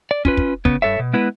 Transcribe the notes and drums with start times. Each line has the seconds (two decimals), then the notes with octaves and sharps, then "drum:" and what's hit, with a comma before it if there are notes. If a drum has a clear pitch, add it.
0.11 D5
0.25 C#4 F4 B4, drum: kick
0.37 drum: kick
0.65 C#3 B3, drum: kick
0.82 G2 A4 C#5 E5
0.99 B2
1.13 G#3 B3 E4 B4